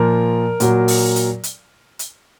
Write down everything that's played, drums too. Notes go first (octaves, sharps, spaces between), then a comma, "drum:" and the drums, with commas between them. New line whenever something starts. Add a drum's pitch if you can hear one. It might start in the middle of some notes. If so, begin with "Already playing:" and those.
Already playing: A#2 F3 A#4
A#2 F#3, drum: hi-hat
drum: open hi-hat
drum: hi-hat
drum: hi-hat
drum: hi-hat